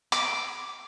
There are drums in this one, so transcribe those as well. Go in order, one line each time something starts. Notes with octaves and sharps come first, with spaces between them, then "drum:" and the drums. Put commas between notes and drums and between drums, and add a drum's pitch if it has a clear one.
D6, drum: hi-hat